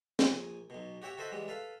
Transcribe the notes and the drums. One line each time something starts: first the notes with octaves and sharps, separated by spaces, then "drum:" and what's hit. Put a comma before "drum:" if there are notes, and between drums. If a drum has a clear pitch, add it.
A#1 G#5 D#6, drum: snare
B1 B2
F#4 G4 C#5 E5 G5
F#4 A4 C5 D#5 E5 F#5
E3 G3 G#3
A4 B4 F5